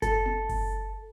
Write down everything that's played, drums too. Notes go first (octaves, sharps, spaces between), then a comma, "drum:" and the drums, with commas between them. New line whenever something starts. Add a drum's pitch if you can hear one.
A4, drum: kick F#1, hi-hat
drum: tom B3
drum: kick F#1, open hi-hat